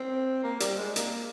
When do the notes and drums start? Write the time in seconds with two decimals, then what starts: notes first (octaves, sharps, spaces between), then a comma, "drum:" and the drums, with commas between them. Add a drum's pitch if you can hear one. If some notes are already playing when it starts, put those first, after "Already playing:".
Already playing: C4
0.43 A#3
0.60 G3, drum: hi-hat
0.78 G#3
0.96 A#3, drum: hi-hat